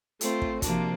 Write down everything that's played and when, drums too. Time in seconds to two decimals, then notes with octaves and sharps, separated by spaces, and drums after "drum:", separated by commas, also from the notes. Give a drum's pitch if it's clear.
0.21 A3 C4 F4, drum: hi-hat
0.42 drum: kick
0.62 C3 F3 A#3 D4 F#4, drum: kick, hi-hat